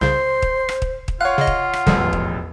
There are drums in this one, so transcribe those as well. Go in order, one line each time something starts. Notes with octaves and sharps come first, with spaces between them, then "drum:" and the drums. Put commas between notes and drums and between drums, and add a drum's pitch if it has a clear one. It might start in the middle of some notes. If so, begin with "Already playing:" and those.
C2 C#3 C5 C6 G6
drum: kick
drum: rim click
drum: kick
drum: kick
F4 C#5 F5 F#5 F#6
C#3 D#5
drum: kick
drum: rim click
E1 A1 F2 D3 F3 G3, drum: kick
drum: kick